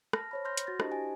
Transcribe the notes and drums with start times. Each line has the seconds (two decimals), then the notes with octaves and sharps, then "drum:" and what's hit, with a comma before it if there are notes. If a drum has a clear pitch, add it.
0.13 A5 F6 A#6, drum: rim click
0.31 C5 C#5 B5
0.45 C6 F6 G6 A#6
0.57 drum: hi-hat
0.67 F#4 A6 A#6
0.80 D4 E4 G4 C5 D#5 A5, drum: rim click
0.91 G4 G#5